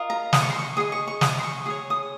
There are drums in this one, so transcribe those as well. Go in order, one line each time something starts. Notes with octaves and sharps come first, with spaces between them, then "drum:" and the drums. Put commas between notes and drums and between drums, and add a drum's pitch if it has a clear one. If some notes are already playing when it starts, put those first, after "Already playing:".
Already playing: F4 A#4 D#5
A#5
D#6, drum: snare
C#6
C6
C#6
G#4 D#5 D#6
C#6
C#6
D#6, drum: snare
C6
C#6
G#4 C#5 D#6
D#6